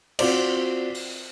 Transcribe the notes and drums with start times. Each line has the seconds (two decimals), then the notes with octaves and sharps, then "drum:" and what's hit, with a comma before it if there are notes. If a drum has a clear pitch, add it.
0.19 C4 F4 F#4 C5 D5, drum: cymbal
0.95 drum: open hi-hat